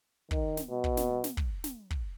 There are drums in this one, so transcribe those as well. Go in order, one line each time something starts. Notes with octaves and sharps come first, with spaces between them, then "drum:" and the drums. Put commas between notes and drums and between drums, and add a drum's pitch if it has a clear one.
D#3, drum: kick
drum: snare
B2
drum: kick
drum: snare
drum: snare
drum: kick
drum: snare
drum: kick